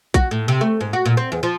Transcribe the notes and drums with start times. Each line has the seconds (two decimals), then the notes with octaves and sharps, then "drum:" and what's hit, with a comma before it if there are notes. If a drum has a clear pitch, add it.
0.14 F#4, drum: kick A#1, hi-hat
0.31 A2
0.48 C3
0.61 A3
0.81 G#2
0.93 F#4
1.06 A#2
1.17 C4
1.32 E2
1.43 F3